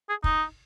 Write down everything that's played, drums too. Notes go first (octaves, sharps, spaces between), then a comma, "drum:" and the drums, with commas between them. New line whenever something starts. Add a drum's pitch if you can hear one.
G#4
D#4, drum: kick